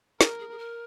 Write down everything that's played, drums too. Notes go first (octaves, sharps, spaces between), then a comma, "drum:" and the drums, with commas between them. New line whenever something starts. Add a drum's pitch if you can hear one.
G#4 A#4, drum: snare
G#4
G#4
A#4